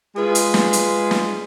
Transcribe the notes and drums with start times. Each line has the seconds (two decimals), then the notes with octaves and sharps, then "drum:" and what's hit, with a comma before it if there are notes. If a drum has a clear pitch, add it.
0.16 G#3 F4 G#4 B4
0.35 drum: hi-hat
0.54 drum: snare
0.73 drum: hi-hat
1.11 drum: snare